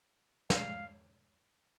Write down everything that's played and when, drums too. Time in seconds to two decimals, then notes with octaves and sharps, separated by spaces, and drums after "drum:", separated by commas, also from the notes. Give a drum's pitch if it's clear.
0.50 F5, drum: snare